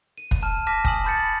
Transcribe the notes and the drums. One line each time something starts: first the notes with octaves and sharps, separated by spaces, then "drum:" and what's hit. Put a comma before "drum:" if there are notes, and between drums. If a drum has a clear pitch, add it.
D#7
drum: kick
A5 F6 D#7
A5 D6 F6 A#6 B6
G#5 D#6 F#7, drum: kick
A5 B5 G6 A6 C#7